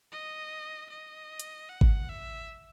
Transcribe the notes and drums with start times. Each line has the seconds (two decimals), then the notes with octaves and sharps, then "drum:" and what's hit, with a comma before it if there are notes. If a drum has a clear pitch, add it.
0.12 D#5
0.90 D#5
1.40 drum: hi-hat
1.69 F#5
1.81 drum: kick G#1
2.09 E5